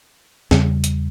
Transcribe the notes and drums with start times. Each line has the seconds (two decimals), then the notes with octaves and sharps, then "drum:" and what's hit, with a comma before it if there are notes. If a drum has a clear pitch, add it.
0.51 E2 C#3 G3, drum: snare
0.84 drum: hi-hat